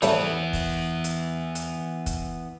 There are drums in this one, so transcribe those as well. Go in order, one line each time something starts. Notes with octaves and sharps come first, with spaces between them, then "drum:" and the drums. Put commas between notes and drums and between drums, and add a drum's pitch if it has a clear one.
E3 G3 A3 B3 C#4, drum: hi-hat
drum: kick, open hi-hat
drum: hi-hat
drum: hi-hat
drum: kick, hi-hat